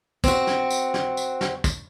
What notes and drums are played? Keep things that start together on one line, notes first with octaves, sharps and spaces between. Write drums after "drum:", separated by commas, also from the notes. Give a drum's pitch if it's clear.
C4 F#4, drum: kick, tambourine
drum: snare
drum: tambourine
drum: snare
drum: tambourine
drum: snare
drum: kick, tambourine